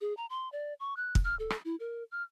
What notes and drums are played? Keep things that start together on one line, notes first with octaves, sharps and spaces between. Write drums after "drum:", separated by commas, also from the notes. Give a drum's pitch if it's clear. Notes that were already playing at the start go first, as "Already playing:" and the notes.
G#4
A#5
C6
D5
C#6
F#6
drum: kick
F6
A4
drum: rim click
E4
A#4
F6